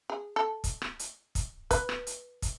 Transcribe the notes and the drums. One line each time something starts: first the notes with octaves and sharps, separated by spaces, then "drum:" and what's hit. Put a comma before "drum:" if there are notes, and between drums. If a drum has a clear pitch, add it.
G#4
A4
drum: kick, hi-hat
drum: rim click
drum: hi-hat
drum: kick, hi-hat
B4, drum: kick, hi-hat
drum: rim click
drum: hi-hat
drum: kick, hi-hat